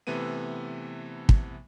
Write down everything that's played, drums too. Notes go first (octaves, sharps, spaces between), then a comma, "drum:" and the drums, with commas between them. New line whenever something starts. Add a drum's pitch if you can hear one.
C3 E3 A3 B3 D#7
drum: kick